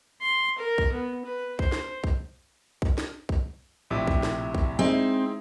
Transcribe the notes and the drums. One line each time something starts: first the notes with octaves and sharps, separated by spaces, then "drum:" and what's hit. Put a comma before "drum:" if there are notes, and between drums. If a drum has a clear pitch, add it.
C6
A#4
drum: kick B1
B3
B4
C5, drum: kick B1
drum: snare
drum: kick B1
drum: kick B1
drum: snare
drum: kick B1
A#1 A2 C3
drum: kick B1
drum: snare
drum: kick B1
G#3 C4 D#4 E4